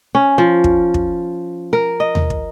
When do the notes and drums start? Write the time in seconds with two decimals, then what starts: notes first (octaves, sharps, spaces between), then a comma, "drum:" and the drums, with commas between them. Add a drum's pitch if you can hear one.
0.15 C#4
0.38 F3
0.64 drum: kick
0.94 drum: kick
1.73 A#4
2.00 D#5
2.15 drum: tom D#2
2.30 drum: kick